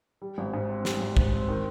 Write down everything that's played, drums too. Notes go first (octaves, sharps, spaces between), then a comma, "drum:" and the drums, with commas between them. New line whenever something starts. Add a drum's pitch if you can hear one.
G3
G#1
G#2
C4
G3, drum: snare
G#1
G#2, drum: kick
C4
D#3